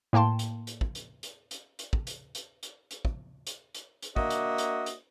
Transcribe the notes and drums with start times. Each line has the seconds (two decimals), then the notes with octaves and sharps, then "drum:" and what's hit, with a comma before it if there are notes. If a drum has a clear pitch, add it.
0.13 A2 A#3 G5 A5 C6
0.39 drum: hi-hat
0.67 drum: hi-hat
0.81 drum: kick
0.95 drum: hi-hat
1.23 drum: hi-hat
1.51 drum: hi-hat
1.79 drum: hi-hat
1.93 drum: kick
2.07 drum: hi-hat
2.35 drum: hi-hat
2.63 drum: hi-hat
2.91 drum: hi-hat
3.05 drum: kick
3.47 drum: hi-hat
3.75 drum: hi-hat
4.02 drum: hi-hat
4.16 A#3 D4 F#4 D#5 E5, drum: kick
4.30 drum: hi-hat
4.58 drum: hi-hat
4.86 drum: hi-hat